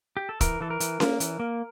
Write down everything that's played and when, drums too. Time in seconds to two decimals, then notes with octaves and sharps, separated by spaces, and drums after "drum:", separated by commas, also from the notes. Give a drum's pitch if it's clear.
0.17 G4
0.29 A4
0.41 E3 A#4, drum: kick, hi-hat
0.61 E3 A4
0.70 A#4
0.80 E3, drum: hi-hat
1.00 A#3, drum: snare C#4
1.20 E3, drum: hi-hat
1.40 A#3